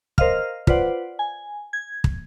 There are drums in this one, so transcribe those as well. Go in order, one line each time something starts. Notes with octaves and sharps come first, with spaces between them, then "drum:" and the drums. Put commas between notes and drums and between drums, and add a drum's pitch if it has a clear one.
A#4 C5 D#5 F5 F6, drum: kick
F4 B4 C5 D5 F#5, drum: kick
G#5
G#6
drum: kick